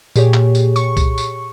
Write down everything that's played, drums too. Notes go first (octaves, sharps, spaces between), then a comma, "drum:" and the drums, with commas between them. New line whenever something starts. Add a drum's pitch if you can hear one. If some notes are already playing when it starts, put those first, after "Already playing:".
A#2 G4 G#4 C#5, drum: tambourine
drum: clap
drum: tambourine
C#6, drum: tambourine
drum: kick C2, tambourine
drum: tambourine